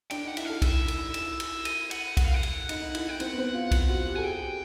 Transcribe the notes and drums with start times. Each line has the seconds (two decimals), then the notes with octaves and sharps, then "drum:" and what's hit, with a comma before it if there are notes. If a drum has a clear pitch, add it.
0.10 D4 G5, drum: cymbal
0.24 D#4 F#5
0.37 E4 E5, drum: cymbal
0.45 A4 F5
0.62 E4 E5, drum: kick B1, cymbal
0.88 drum: cymbal
1.14 drum: cymbal
1.40 drum: cymbal
1.65 D#5, drum: cymbal
1.91 F#5, drum: cymbal
2.17 F#5, drum: kick B1, cymbal
2.25 F5
2.34 F#5
2.43 drum: cymbal
2.69 D#4, drum: cymbal
2.82 D#4
2.95 E4, drum: cymbal
3.07 E4 G5
3.20 C4 F#5, drum: cymbal
3.33 B3
3.38 C4
3.54 F4
3.71 F4, drum: kick B1, cymbal
3.89 F#4
4.07 G4
4.16 A4 G#5
4.24 G#4 G5
4.41 G4